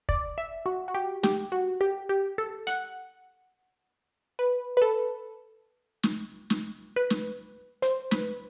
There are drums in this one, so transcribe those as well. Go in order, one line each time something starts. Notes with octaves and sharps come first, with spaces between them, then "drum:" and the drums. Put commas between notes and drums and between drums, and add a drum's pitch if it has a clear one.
D5, drum: kick
E5
F#4
F#4
G4
G4, drum: snare
F#4
G4
G4
A4
F#5, drum: hi-hat
B4
B4
A4
drum: snare
drum: snare
B4
drum: snare
C5, drum: hi-hat
B4, drum: snare